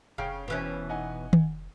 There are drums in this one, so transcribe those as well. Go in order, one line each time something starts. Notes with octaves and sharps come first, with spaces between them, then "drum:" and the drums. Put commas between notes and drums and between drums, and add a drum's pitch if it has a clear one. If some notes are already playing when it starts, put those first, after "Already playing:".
F1 C#3 F5 G5
B2 E3 C#4
D#4 F#5 G#5
drum: tom D#3